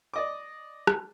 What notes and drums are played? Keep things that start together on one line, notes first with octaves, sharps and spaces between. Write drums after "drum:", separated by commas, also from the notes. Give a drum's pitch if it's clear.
D5 D#5 D6
drum: rim click